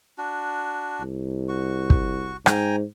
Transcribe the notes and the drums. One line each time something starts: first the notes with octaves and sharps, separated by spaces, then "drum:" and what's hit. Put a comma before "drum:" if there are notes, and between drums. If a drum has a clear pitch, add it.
D4 F#4
C2
F#4 C#6
drum: kick
G#2 G5 G#5 A#5, drum: rim click